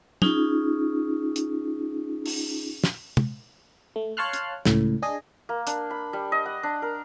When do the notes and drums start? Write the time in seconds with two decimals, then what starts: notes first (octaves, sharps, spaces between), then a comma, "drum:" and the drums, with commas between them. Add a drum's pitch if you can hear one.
0.22 C#4 D#4 F4 G#4, drum: tom
1.36 drum: hi-hat
2.26 drum: open hi-hat
2.84 drum: snare
3.17 drum: tom
3.96 A3
4.17 C#5 F5 A5 C6 F6 F#6
4.33 drum: hi-hat
4.65 C#2 A2, drum: snare
5.02 D4 G#4 D#5
5.49 A#3
5.67 D4, drum: hi-hat
5.91 B5
6.13 G3
6.32 D#5
6.46 F#5
6.63 D4
6.82 A#4